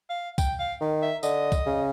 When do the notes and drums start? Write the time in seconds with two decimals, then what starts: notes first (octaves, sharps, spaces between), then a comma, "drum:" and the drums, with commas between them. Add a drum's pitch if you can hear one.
0.10 F5
0.38 G5, drum: kick C2, tambourine
0.59 F5
0.81 D#3
1.02 E5
1.23 D3 D#5, drum: tambourine
1.52 drum: kick C2, tambourine
1.66 C#3